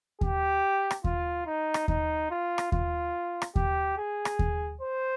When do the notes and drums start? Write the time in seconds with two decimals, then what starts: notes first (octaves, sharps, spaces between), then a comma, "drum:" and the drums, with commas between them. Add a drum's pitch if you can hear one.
0.21 G4, drum: kick D#2
0.91 drum: rim click
1.04 F4, drum: kick D#2
1.46 D#4
1.74 drum: rim click
1.88 D#4, drum: kick D#2
2.30 F4
2.58 drum: rim click
2.72 F4, drum: kick D#2
3.42 drum: rim click
3.56 G4, drum: kick D#2
3.97 G#4
4.25 drum: rim click
4.39 drum: kick D#2
4.81 C5